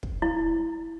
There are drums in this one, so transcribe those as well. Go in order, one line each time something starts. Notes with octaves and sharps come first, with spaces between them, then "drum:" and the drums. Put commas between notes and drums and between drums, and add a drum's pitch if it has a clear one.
drum: kick
E4